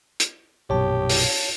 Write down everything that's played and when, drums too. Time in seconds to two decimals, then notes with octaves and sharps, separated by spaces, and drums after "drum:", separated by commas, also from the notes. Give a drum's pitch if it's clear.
0.20 drum: hi-hat
0.70 A#1 F#2 B2 G4 C#5 A5
1.09 drum: open hi-hat